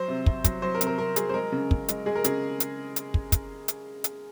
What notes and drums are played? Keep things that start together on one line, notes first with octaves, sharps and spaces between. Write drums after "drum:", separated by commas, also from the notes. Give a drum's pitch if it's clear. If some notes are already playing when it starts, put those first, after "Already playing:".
Already playing: F#3 C5
C3
C3, drum: kick
F#3, drum: kick, hi-hat
F#3 C5
A#4
C3, drum: hi-hat
A#4
C3 A#4
F#3 G#4, drum: hi-hat
C5
G#3 A#4
C#3
C#3, drum: kick
G#3, drum: hi-hat
G#3 G#4
A#4
C#3 G#4, drum: hi-hat
drum: hi-hat
drum: hi-hat
drum: kick
drum: kick, hi-hat
drum: hi-hat
drum: hi-hat